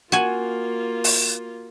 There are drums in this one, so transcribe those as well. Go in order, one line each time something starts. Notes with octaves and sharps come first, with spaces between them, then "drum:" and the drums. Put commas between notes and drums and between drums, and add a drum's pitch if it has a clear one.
A#3 F4 F#4 G#5
drum: open hi-hat